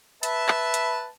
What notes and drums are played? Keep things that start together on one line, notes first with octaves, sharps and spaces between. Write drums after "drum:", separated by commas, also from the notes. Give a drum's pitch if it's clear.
B4 E5 A5, drum: hi-hat
drum: clap
drum: hi-hat